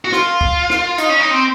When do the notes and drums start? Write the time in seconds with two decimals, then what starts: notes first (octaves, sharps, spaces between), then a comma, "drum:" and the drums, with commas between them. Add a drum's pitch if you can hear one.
0.05 F#4
0.12 F4, drum: snare
0.41 drum: kick
0.70 drum: snare
0.98 D#4, drum: hi-hat
1.09 C#4
1.20 D#4
1.31 C4